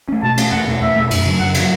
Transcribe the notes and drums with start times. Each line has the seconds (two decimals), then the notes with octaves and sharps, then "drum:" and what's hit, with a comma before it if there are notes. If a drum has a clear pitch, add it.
0.09 A3 C#4
0.23 B2 A5
0.37 A3 C#4, drum: cymbal
0.52 E2 F#5
0.67 B2 A3
0.81 E2 E5
0.96 B2 A3
1.11 F#2, drum: cymbal
1.25 C#3 F#3
1.40 F#2 F#5
1.54 C#3, drum: cymbal
1.60 F#3